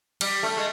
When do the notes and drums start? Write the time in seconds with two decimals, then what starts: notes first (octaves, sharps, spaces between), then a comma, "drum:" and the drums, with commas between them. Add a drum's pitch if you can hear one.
0.21 G3, drum: cymbal
0.43 A3
0.57 G#3